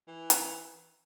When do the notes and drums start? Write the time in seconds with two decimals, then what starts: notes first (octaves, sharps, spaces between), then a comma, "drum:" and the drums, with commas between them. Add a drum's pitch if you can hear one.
0.08 E3
0.30 drum: hi-hat